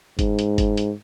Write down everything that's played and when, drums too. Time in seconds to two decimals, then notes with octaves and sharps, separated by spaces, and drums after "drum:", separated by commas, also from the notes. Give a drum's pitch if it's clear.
0.19 G#2, drum: kick F#1, hi-hat
0.39 drum: hi-hat
0.58 drum: kick F#1, hi-hat
0.77 drum: hi-hat